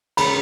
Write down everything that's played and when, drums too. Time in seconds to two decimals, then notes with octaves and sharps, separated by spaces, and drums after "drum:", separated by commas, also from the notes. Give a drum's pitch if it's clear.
0.17 C#3 G#3 C#4 B5, drum: cymbal